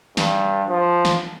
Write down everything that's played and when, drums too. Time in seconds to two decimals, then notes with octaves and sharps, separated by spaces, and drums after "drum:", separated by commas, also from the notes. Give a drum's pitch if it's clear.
0.17 G2, drum: snare
0.69 F3
1.05 drum: snare